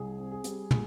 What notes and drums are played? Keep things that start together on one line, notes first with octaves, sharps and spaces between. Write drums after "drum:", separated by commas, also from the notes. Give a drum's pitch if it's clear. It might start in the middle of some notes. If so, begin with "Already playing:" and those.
Already playing: C2 G#4
C4
G#4
G3, drum: hi-hat
A#2 G#4, drum: tom